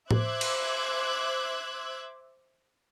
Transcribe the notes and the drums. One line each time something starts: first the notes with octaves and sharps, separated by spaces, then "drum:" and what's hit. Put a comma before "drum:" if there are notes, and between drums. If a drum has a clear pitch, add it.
C5 E5 D6 E6 F#6 G#6, drum: tom A2
drum: cymbal